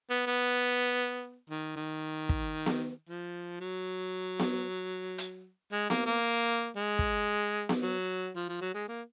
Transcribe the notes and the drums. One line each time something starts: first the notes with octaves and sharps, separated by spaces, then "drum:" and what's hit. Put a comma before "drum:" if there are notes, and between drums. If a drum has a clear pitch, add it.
B3
B3
D#3
D#3
drum: kick
drum: snare B3
F3
F#3
drum: snare B3
drum: hi-hat
G#3
A#3, drum: snare B3
A#3
G#3
drum: kick
drum: snare B3
F#3
F3
F3
F#3
G#3
A#3